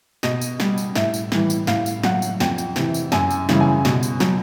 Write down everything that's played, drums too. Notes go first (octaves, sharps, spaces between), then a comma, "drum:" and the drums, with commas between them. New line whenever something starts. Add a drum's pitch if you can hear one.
B2 D#5, drum: snare
drum: tambourine
G3, drum: snare
drum: tambourine
A2 E5, drum: snare
drum: tambourine
E3 G3, drum: snare
drum: tambourine
A2 F5, drum: snare
drum: tambourine
F#3 F#5, drum: snare
drum: tambourine
F2 G5, drum: snare
drum: tambourine
C3 E3, drum: snare
drum: tambourine
F#2 G#5, drum: snare
drum: tambourine
C#3 E3 G3, drum: snare
G#5
B2, drum: snare
drum: tambourine
F#3, drum: snare